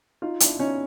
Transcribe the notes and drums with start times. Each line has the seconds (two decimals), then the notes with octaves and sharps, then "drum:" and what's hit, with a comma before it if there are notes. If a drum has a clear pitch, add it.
0.22 D#4 F4
0.40 D4 E4, drum: hi-hat
0.59 C#4 D#4